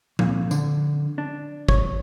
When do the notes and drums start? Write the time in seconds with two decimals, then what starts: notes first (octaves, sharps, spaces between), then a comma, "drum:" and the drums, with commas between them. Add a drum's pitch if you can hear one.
0.19 A#2, drum: tom F3
0.51 D3, drum: tambourine
1.18 D4
1.69 C#5, drum: kick